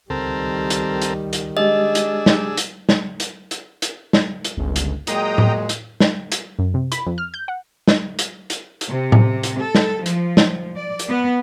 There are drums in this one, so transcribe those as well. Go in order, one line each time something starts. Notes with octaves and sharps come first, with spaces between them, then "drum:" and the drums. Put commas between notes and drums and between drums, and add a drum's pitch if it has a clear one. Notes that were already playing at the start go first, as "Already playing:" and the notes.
C#2 D#3 G3 C4 A4 A#4
drum: hi-hat
drum: hi-hat
drum: hi-hat
G#3 D4 G4 G#4 D#5 E6
drum: hi-hat
drum: snare
drum: hi-hat
drum: snare
drum: hi-hat
drum: hi-hat
drum: hi-hat
drum: snare
drum: hi-hat
G1 C#2
drum: hi-hat
A#2 F#3 G#3 G5 A#5 D#6, drum: hi-hat
drum: tom A2
drum: hi-hat
drum: snare
drum: hi-hat
F#2
C3
B5, drum: hi-hat
F2
F6
G6
F#5
drum: snare
drum: hi-hat
drum: hi-hat
drum: hi-hat
C3
drum: tom A2
drum: hi-hat
A4
drum: snare
F3, drum: hi-hat
drum: snare
D5
drum: hi-hat
B3